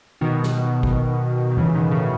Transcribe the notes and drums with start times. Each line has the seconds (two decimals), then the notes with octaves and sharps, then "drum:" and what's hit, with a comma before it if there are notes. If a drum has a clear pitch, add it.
0.21 B2 D#3
0.43 drum: snare
0.83 drum: kick
1.51 D#3
1.57 C#3 E3, drum: tom E2
1.74 B2 D#3
1.91 A2 C#3